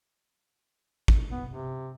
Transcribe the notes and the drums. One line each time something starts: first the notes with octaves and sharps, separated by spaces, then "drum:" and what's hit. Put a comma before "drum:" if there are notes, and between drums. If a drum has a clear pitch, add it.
drum: kick
B3
C3